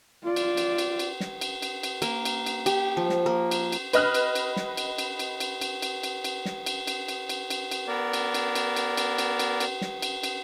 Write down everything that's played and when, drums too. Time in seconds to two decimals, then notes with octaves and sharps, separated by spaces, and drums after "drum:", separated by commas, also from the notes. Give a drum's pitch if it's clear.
0.24 F4 D5
0.36 drum: cymbal
0.57 drum: cymbal
0.78 drum: cymbal
0.99 drum: cymbal
1.20 drum: snare
1.41 drum: cymbal
1.62 drum: cymbal
1.83 drum: cymbal
2.02 A#3, drum: cymbal
2.25 drum: cymbal
2.46 drum: cymbal
2.66 G4, drum: cymbal
2.97 F3
3.09 drum: snare
3.26 A#3
3.51 drum: cymbal
3.72 drum: cymbal
3.93 B4 D#5 F6 F#6, drum: cymbal
4.14 drum: cymbal
4.35 drum: cymbal
4.56 drum: snare
4.77 drum: cymbal
4.98 drum: cymbal
5.19 drum: cymbal
5.40 drum: cymbal
5.61 drum: cymbal
5.82 drum: cymbal
6.03 drum: cymbal
6.24 drum: cymbal
6.45 drum: snare
6.66 drum: cymbal
6.87 drum: cymbal
7.08 drum: cymbal
7.29 drum: cymbal
7.50 drum: cymbal
7.71 drum: cymbal
7.88 B3 A#4 D5
8.13 drum: cymbal
8.34 drum: cymbal
8.55 drum: cymbal
8.76 drum: cymbal
8.97 drum: cymbal
9.18 drum: cymbal
9.39 drum: cymbal
9.60 drum: cymbal
9.81 drum: snare
10.02 drum: cymbal
10.23 drum: cymbal